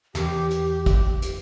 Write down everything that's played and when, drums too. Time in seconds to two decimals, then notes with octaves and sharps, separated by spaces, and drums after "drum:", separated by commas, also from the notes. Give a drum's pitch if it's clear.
0.15 E2 G4, drum: snare
0.51 drum: hi-hat
0.86 drum: kick, hi-hat
1.22 drum: hi-hat